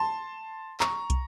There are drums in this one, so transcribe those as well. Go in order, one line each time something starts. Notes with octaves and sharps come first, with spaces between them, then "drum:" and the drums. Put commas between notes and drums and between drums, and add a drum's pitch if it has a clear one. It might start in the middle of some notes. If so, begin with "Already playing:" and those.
Already playing: A5 C6
A#5 C#6, drum: clap
drum: kick, hi-hat